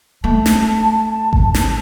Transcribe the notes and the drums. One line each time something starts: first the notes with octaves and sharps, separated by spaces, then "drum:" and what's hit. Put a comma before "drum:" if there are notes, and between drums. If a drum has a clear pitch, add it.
A3 A5
drum: snare
drum: kick G#1
drum: snare